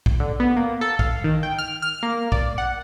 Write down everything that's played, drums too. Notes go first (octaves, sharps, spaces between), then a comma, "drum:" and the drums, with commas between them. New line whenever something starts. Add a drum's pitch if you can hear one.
drum: kick A#1
D3
B3
A#3
A4
F5, drum: kick A#1
D#3
G5
F6
F6
A#3
D5, drum: kick A#1
F#5